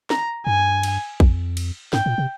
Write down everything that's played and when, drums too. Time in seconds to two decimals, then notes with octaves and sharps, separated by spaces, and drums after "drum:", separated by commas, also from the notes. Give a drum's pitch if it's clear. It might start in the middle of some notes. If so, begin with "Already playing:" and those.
0.10 A#5, drum: snare
0.47 G2 G#5
0.83 drum: cymbal
1.20 F2, drum: kick
1.57 drum: cymbal
1.93 G#2 G5, drum: snare
2.06 A#2
2.18 C3